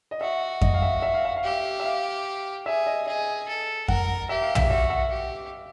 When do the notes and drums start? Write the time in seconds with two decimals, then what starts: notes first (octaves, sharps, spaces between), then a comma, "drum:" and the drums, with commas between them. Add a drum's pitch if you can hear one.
0.11 D#5
0.21 F#4 E5
0.61 D#5, drum: kick F2
0.74 F5
0.82 E5
1.02 E5
1.14 F5
1.25 E5
1.37 F5
1.44 G4 E5
1.80 E5
1.85 F5
2.66 G#4 E5
2.87 D#5
3.07 G#4 D#5
3.48 A4
3.88 A#4 F#5, drum: kick F2
4.29 G4 E5
4.42 F5
4.55 E5, drum: tom
4.70 F#4 E5
4.90 E5
5.11 G4